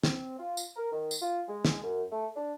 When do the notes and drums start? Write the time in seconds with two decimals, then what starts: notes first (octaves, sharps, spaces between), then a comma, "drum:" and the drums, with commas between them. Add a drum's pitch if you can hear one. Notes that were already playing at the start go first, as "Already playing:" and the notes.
0.03 C4, drum: snare
0.38 F4
0.57 drum: tambourine
0.76 A#4
0.92 D#3
1.11 drum: tambourine
1.21 F4
1.48 G#3
1.65 drum: snare
1.84 F#2
2.12 A3
2.36 D4